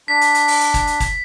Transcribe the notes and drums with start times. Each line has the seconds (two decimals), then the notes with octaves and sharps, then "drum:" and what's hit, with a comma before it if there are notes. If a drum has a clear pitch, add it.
0.08 D4 B6
0.21 drum: hi-hat
0.35 drum: hi-hat
0.48 drum: open hi-hat
0.61 drum: hi-hat
0.74 drum: kick, hi-hat
0.87 drum: hi-hat
1.00 drum: kick, hi-hat